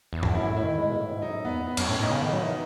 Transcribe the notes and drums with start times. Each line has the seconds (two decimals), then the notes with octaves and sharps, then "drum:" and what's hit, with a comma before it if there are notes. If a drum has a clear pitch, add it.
0.13 E2
0.23 drum: tom G2
0.34 F#2 E4
0.49 A2
0.57 E4
0.64 D#3
0.78 G#3
0.89 B2
1.00 A2
1.12 G#2
1.22 F#2 D#4
1.44 E2 B3
1.67 F#2 B3
1.77 F#2 C#4, drum: cymbal
1.88 A2 C#4
2.00 A2 D#4
2.10 C#3 B3
2.22 D#3
2.32 F#3 D#4
2.43 E3